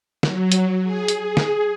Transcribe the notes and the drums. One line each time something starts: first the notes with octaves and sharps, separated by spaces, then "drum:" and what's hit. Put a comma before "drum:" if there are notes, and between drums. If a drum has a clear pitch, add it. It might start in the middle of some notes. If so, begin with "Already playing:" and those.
F#3, drum: snare
drum: hi-hat
G#4
drum: hi-hat
G#4
drum: snare